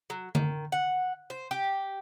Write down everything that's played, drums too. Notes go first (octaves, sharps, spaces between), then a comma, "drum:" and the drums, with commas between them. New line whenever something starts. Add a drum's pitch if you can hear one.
F#3
D#3, drum: tom D3
F#5
C5
G4